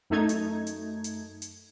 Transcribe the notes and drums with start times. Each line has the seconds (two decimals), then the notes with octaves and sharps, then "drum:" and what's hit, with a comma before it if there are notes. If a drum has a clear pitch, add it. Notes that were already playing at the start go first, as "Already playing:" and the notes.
0.10 F#2 A3 D#4 G#6
0.29 drum: hi-hat
0.67 drum: hi-hat
1.04 drum: hi-hat
1.42 drum: hi-hat